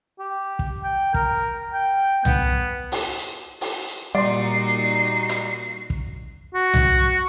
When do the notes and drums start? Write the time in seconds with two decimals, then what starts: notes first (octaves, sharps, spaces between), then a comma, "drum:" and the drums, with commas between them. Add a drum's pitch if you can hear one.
0.19 G4
0.59 drum: kick
0.84 G5
1.14 A#4, drum: kick
1.74 G5
2.25 B3, drum: tom C2
2.92 drum: open hi-hat
3.61 drum: open hi-hat
4.15 A#2 G3 D#4 F#4 D5 C6 C7
5.29 drum: hi-hat
5.90 drum: kick
6.54 F#4
6.74 drum: tom C2